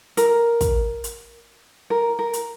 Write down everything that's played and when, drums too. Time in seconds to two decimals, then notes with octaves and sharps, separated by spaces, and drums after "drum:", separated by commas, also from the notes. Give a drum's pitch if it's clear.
0.17 A#4, drum: hi-hat
0.61 drum: kick, hi-hat
1.04 drum: hi-hat
1.90 A#4
2.19 A#4
2.33 drum: hi-hat